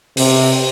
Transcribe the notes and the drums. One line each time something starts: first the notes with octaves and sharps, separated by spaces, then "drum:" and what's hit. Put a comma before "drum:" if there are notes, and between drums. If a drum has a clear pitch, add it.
C3, drum: open hi-hat